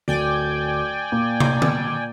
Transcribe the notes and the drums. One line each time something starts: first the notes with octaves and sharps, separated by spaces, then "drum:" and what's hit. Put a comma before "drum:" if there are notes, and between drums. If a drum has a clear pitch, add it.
D1 D5 G5 G#5
A#2
drum: tom
drum: tom D3